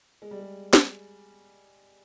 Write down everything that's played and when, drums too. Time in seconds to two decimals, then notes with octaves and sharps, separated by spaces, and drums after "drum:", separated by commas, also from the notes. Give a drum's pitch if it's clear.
0.22 G#3
0.31 G3
0.40 G#3
0.73 drum: snare